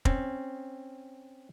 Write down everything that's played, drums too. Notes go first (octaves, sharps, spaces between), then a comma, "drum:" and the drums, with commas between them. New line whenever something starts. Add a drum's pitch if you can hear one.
C4 C#4, drum: kick